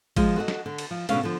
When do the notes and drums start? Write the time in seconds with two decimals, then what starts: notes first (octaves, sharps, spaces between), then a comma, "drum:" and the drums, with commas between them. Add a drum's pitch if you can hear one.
0.16 F3 G#3 D#5, drum: kick, cymbal
0.36 F#4 A4 D#5 F#5
0.48 drum: snare
0.66 D3
0.78 drum: cymbal
0.91 F3
1.09 B2 D3 C#4 F5, drum: cymbal
1.23 D3 F3